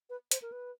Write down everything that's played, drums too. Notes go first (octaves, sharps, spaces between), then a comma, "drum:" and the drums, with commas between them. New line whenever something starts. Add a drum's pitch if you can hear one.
B4
C5, drum: hi-hat
A#4
B4